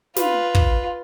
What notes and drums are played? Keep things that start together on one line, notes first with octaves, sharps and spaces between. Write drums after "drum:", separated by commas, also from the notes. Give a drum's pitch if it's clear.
F4 B4, drum: snare
drum: kick